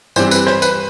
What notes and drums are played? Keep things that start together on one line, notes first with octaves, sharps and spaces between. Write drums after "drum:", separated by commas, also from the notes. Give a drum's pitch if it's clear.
G2 E3 G3 C4 C5, drum: tambourine
B4, drum: tambourine
C5, drum: rim click
B4, drum: tambourine